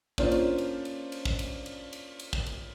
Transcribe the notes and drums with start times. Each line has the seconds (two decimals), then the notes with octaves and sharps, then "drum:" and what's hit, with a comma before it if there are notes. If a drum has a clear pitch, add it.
0.18 A#3 C#4 D4 F4 C5, drum: kick
0.31 drum: cymbal
0.58 drum: cymbal
0.85 drum: cymbal
1.12 drum: cymbal
1.25 drum: kick
1.39 drum: cymbal
1.66 drum: cymbal
1.93 drum: cymbal
2.19 drum: cymbal
2.33 drum: kick
2.46 drum: cymbal